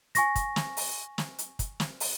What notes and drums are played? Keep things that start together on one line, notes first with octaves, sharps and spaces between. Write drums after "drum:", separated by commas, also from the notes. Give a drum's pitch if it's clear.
G#5 C#6 A#6, drum: hi-hat
drum: kick, hi-hat
drum: snare
drum: open hi-hat
drum: snare
drum: hi-hat
drum: kick, hi-hat
drum: snare
drum: open hi-hat